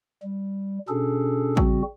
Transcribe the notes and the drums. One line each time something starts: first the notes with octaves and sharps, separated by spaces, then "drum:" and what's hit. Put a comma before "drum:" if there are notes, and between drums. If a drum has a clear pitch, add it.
G3
B2 C#4 D4 G#4 A4
C#3 G3 C4 F#4, drum: kick A1